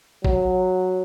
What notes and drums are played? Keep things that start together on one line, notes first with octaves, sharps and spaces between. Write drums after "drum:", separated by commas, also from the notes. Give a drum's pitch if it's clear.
F#3, drum: kick A1